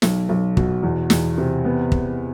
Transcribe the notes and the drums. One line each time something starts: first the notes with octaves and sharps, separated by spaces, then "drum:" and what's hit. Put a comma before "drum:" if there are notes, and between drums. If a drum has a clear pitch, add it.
B1, drum: snare
B1
B2, drum: kick
E2
E2, drum: snare
C3
B3
drum: kick